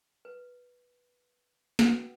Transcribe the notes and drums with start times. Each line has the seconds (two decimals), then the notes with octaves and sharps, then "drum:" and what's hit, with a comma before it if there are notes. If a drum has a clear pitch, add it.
0.25 B4
1.79 F#4 B4 F#5 G5, drum: snare